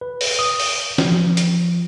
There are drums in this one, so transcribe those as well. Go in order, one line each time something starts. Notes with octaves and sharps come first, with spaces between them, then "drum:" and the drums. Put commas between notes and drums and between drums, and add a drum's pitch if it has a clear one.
B4
drum: open hi-hat
D#6
drum: open hi-hat
F3, drum: snare
drum: hi-hat